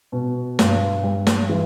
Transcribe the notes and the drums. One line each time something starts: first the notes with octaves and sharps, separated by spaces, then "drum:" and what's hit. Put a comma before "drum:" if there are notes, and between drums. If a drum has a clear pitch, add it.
B2
G2, drum: snare
G3
drum: snare
E3